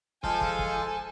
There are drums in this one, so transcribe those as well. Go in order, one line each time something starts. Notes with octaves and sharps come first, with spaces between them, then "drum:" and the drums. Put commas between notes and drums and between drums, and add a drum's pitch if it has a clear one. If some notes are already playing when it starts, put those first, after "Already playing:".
F3 G#3 A4 G#5, drum: kick
drum: kick
drum: kick